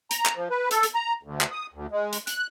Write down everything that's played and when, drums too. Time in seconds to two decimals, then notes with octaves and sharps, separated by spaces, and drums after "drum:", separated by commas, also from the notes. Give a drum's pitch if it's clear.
0.11 A#5, drum: hi-hat
0.26 drum: clap
0.36 F3
0.50 B4
0.71 A4, drum: hi-hat
0.83 drum: hi-hat
0.95 A#5
1.23 D2
1.41 drum: clap
1.52 D#6
1.74 D2
1.92 G#3
2.13 drum: hi-hat
2.27 F#6, drum: hi-hat